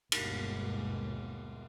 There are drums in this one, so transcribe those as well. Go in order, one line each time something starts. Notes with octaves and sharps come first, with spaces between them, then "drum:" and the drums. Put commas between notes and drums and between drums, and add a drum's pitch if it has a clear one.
G1 D#2 B2 G#3, drum: cymbal